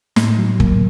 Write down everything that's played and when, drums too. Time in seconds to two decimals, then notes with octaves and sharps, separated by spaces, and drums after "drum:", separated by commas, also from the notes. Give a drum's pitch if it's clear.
0.16 A2, drum: snare
0.38 F#3
0.60 A#3, drum: kick